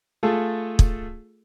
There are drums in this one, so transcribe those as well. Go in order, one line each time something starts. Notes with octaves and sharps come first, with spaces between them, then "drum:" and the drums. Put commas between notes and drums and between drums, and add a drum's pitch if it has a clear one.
A3 F4 G#4 A4
drum: kick